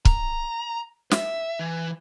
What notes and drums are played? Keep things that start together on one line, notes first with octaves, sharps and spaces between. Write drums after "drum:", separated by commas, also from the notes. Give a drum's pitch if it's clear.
A#5, drum: kick
E5, drum: snare
E3